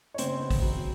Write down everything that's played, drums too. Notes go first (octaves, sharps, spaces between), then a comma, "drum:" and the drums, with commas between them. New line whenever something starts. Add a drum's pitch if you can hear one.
C#5
C#3 C4 C5, drum: hi-hat
B3
drum: kick, open hi-hat
F#3